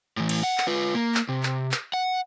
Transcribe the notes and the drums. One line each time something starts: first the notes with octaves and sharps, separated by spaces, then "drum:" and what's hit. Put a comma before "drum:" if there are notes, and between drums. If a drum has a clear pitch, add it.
A2 E3
drum: cymbal
F#5
drum: clap
F4 B4
A#3
drum: clap
C3
drum: clap
drum: clap
F#5